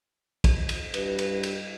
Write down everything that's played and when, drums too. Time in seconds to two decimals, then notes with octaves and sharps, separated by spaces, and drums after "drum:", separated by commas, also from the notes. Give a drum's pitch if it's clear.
0.44 drum: kick, cymbal
0.69 drum: cymbal
0.94 G2 B4, drum: cymbal
1.19 drum: cymbal
1.43 drum: cymbal